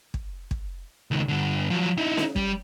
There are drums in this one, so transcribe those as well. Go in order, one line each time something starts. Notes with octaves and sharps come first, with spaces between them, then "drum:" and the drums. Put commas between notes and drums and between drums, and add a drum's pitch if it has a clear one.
drum: kick
drum: kick
C#2 D#3
G2 D3
F3 F#3
D#4 E4
drum: snare C#4
G3, drum: kick